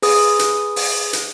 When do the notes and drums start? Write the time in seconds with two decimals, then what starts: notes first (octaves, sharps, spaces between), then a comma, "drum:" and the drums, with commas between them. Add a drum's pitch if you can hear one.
0.02 G#4 B4 D#6, drum: open hi-hat
0.39 drum: hi-hat
0.76 drum: open hi-hat
1.13 drum: hi-hat